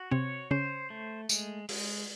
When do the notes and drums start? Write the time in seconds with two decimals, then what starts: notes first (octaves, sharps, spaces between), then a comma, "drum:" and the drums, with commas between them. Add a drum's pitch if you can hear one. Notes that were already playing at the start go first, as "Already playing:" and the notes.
Already playing: F#4
0.11 C3 C4 C#5
0.51 C#3 C#4 C5
0.90 A3
1.29 G#3, drum: tambourine
1.69 G#3, drum: open hi-hat